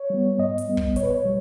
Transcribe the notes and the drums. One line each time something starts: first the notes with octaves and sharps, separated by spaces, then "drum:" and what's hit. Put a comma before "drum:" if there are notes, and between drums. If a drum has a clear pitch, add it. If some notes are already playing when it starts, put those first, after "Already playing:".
Already playing: C#5
G3 B3
G#2 D#5
drum: hi-hat
G3 B3
drum: kick
A#2 C#5, drum: hi-hat
B4
C#5
G3